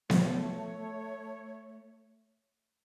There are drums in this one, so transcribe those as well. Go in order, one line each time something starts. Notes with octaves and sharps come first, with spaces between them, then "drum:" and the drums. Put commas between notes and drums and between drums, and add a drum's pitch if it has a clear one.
F3 A3 C#5, drum: snare B3